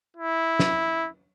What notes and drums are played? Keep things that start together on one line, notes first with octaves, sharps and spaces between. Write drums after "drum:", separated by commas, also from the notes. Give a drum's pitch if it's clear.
E4
drum: snare